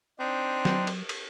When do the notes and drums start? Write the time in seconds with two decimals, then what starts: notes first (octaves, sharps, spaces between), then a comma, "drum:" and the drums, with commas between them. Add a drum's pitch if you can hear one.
0.19 C4 D4 D#4
0.65 F#3, drum: snare
0.87 drum: cymbal
1.09 drum: cymbal